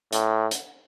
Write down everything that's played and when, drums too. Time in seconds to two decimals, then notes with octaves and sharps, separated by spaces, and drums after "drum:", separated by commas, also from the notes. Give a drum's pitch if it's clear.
0.13 A2, drum: hi-hat
0.51 drum: hi-hat